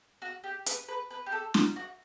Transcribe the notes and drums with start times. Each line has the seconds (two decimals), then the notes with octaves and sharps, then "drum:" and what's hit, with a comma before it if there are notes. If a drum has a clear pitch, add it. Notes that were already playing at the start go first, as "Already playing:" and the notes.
0.22 F#4
0.44 G4
0.66 B4, drum: hi-hat
0.88 B4
1.11 B4
1.26 G4
1.32 A4
1.54 F#4, drum: snare
1.76 F#4